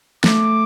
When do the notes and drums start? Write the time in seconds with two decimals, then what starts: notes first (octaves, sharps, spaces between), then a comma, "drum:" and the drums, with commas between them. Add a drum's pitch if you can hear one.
0.24 A3 D6, drum: snare